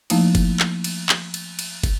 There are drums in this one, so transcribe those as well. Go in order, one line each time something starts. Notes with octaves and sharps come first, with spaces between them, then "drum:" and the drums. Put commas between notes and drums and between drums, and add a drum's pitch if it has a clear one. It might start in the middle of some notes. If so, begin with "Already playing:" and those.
F3 A3 A#3 D#4 E4, drum: cymbal
drum: kick, cymbal
drum: clap
drum: cymbal
drum: clap
drum: cymbal
drum: cymbal
drum: kick, cymbal